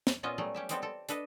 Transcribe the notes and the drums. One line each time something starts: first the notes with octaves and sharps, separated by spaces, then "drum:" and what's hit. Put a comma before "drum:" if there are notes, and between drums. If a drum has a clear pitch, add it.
drum: snare
A#2 B3 C#4 F4 D#5 E5
F#3 G3 A3 G#4
C#4 G4 E5
G3 G#3 B3 C4 G4 A4, drum: hi-hat
C4 A4
D4 A4 B4 D#5, drum: hi-hat